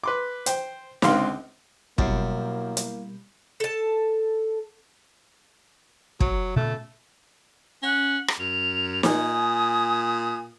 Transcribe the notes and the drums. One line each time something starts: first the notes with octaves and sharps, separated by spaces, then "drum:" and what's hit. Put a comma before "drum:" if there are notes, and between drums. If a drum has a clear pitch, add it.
B4 C6 D6
C5 G5, drum: hi-hat
C#2 D3 C4 F5 C6, drum: snare
F#2 B2 G3 A#3 E4, drum: kick
drum: hi-hat
A4 A5
F#3, drum: kick
A#2 C#3 A3 B3
C#4 F#5
drum: rim click
F#2 F7
A#2 G#5 D#6, drum: snare